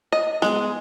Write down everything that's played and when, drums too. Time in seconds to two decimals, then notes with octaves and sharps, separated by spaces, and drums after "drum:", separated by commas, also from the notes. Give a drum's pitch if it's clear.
0.12 D#5
0.42 G#3, drum: snare B3